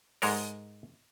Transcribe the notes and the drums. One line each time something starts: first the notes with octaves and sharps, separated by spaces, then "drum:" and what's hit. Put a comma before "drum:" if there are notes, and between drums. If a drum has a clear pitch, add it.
G#2 G#3 A4 A#4, drum: open hi-hat